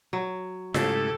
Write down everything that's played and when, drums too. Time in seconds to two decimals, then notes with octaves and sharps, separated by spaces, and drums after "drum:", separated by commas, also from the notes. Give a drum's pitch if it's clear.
0.13 F#3
0.74 G#2 C#3 A3 E4 G4 A4, drum: snare F4